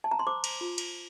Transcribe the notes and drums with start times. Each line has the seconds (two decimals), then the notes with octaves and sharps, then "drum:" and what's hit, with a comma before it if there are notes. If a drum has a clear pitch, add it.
0.04 A5
0.11 A#5
0.19 C6
0.27 C5 D6
0.44 drum: cymbal
0.61 F4
0.78 drum: cymbal